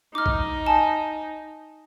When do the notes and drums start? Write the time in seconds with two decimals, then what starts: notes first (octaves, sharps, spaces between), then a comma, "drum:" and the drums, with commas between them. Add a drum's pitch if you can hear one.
0.15 D#4 D6 F6
0.26 drum: kick A#1
0.66 G#5 A5